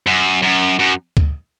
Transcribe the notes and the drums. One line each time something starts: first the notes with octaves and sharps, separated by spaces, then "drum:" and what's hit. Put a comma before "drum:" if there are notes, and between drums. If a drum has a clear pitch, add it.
F#2
F#2
F#2
drum: kick D2